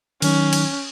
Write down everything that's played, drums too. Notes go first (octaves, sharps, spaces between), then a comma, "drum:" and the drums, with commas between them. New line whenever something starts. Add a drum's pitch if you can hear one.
D#3 F#3 C#4 D#4, drum: cymbal
drum: cymbal